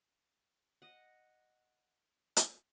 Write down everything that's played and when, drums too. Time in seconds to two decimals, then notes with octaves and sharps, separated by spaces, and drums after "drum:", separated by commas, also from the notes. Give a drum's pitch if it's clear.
0.82 D#5 F#5
2.37 drum: hi-hat